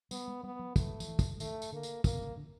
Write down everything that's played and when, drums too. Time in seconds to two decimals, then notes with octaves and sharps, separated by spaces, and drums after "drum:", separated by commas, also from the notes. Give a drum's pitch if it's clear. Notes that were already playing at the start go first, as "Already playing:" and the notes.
0.11 G3 B3, drum: tambourine
0.28 G#3
0.43 G3 B3
0.59 F#3
0.76 F3 A3, drum: kick, tambourine
1.00 F3, drum: tambourine
1.08 E3
1.19 drum: kick, tambourine
1.40 D#3 A3, drum: tambourine
1.62 drum: tambourine
1.72 D3 A#3
1.83 drum: tambourine
2.04 C#3 A#3, drum: kick, tambourine
2.14 C3
2.21 C#3
2.37 D3